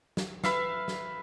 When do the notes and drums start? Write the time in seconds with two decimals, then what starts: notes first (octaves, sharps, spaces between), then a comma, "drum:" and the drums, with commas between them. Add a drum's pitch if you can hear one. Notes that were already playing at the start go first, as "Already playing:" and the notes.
0.17 drum: snare
0.44 B4 E5 F5, drum: snare
0.88 drum: snare